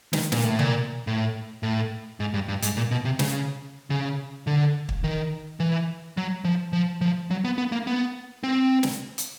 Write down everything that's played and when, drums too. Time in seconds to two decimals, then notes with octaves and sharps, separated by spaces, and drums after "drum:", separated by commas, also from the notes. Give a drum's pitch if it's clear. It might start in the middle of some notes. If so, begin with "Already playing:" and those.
0.13 D#3, drum: snare
0.32 A#2, drum: snare
0.44 A2
0.59 A#2, drum: tom
1.07 A2
1.63 A2
2.20 G#2
2.34 G2
2.48 G2
2.62 G#2, drum: hi-hat
2.77 A#2
2.91 B2
3.05 C3
3.19 C#3, drum: snare
3.90 C#3
4.47 D3
4.89 drum: kick
5.04 D#3
5.60 E3
6.17 F#3
6.45 F3
6.73 F3
7.01 F3
7.31 F#3
7.45 B3
7.58 B3
7.72 A#3
7.87 B3
8.44 C4
8.83 drum: snare
9.18 drum: hi-hat